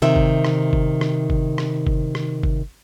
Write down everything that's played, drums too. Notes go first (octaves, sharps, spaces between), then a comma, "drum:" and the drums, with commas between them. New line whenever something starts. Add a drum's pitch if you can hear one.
C3 D#3 E5
drum: kick G1
drum: rim click
drum: kick G1
drum: rim click
drum: kick G1
drum: rim click
drum: kick G1
drum: rim click
drum: kick G1